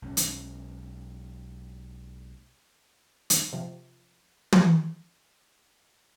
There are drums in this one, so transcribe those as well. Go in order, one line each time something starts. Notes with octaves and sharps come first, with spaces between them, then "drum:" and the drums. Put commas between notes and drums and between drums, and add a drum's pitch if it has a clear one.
B1 G#3 C#4
drum: hi-hat
drum: hi-hat
C3 F3
drum: tom